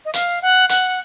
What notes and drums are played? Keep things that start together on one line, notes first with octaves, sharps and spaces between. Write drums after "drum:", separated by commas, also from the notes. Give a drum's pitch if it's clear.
D#5
F5, drum: hi-hat
F#5
F#5, drum: hi-hat